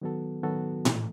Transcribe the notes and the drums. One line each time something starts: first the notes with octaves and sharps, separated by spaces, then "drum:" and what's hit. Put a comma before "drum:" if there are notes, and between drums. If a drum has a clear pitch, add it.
D#3 F#3 B3 F#4 A4
D#3 F#3 B3 F#4 A4
E3 A3, drum: tom A2